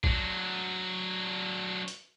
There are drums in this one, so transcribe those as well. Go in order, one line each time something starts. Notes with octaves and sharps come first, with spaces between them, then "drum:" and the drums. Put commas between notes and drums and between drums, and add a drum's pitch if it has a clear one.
F#3 D4, drum: kick
drum: hi-hat